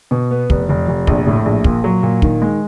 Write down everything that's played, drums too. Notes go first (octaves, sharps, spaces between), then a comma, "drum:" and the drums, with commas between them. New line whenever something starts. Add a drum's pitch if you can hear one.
B2
B3
F1, drum: kick
F1
F1
A#1, drum: kick
A2
A#1
A#2, drum: kick
F#3
A#2
D#3, drum: kick
G#3